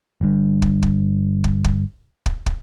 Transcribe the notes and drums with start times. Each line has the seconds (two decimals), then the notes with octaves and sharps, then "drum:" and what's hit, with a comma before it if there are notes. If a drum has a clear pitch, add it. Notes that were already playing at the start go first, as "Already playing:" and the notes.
0.21 G1 G2
0.62 drum: kick
0.83 drum: kick
1.44 drum: kick
1.64 drum: kick
2.26 drum: kick
2.46 drum: kick